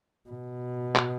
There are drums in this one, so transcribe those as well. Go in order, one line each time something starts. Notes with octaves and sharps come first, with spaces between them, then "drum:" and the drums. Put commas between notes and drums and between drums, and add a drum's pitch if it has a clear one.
B2
drum: clap